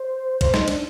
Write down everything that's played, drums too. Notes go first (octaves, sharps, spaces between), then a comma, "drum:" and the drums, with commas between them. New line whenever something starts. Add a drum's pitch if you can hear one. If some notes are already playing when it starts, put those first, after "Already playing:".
Already playing: C5
C5, drum: kick, cymbal
D#4, drum: snare
D4, drum: cymbal